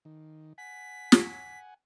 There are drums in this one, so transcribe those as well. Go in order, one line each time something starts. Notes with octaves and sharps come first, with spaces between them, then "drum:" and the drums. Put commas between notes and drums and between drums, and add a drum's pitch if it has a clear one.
D#3
F#5 G#5 B6
drum: snare